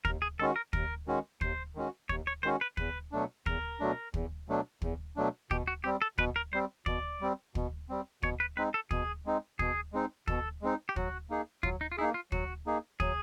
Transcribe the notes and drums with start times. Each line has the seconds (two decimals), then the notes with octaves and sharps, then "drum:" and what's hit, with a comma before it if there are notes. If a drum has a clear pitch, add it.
0.05 D#2 A#4, drum: kick
0.22 G#4
0.39 D#3 G#3 C#4 F#4 A4
0.56 A#4
0.73 D#2 A#4, drum: kick
1.07 D#3 G#3 C#4 F#4
1.41 D#2 C5, drum: kick
1.75 D#3 G#3 C#4 F#4
2.09 D#2 C#5, drum: kick
2.27 C#5
2.43 D#3 G#3 C#4 F#4 C5
2.61 B4
2.77 E2 B4, drum: kick
3.12 B2 F#3 A3 D4
3.46 E2 A#4, drum: kick
3.80 B2 F#3 A3 D4
4.14 E2, drum: kick
4.48 B2 F#3 A3 D4
4.82 E2, drum: kick
5.16 B2 F#3 A3 D4
5.51 B2 G4, drum: kick
5.67 F#4
5.84 G3 C4 G4
6.02 A4
6.18 B2 B4, drum: kick
6.36 A#4
6.53 G3 C4 C5
6.86 B2 D5, drum: kick
7.21 G3 C4
7.55 B2, drum: kick
7.89 G3 C4
8.23 B2 C#5, drum: kick
8.40 B4
8.57 G#3 C4 D#4 B4
8.74 A4
8.91 B2 G#4, drum: kick
9.26 G#3 C4 D#4
9.59 B2 G#4, drum: kick
9.93 G#3 C4 D#4
10.28 B2 A4, drum: kick
10.62 G#3 C4 D#4
10.89 G4
10.96 F#3 F#4, drum: kick
11.30 A#3 D#4 G#4
11.63 F#3 F4, drum: kick
11.81 D#4
11.92 F4
11.97 A#3 D#4 E4 G#4
12.14 F4
12.32 F#3 F#4, drum: kick
12.66 A#3 D#4 G#4
13.00 F#3 G#4, drum: kick